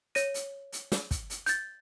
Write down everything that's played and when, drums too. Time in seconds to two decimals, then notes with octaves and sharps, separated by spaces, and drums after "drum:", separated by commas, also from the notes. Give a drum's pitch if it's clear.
0.15 C#5 A#6 D#7, drum: hi-hat
0.34 drum: hi-hat
0.73 drum: hi-hat
0.92 drum: snare
1.11 drum: kick, hi-hat
1.30 drum: hi-hat
1.46 G6 A6, drum: hi-hat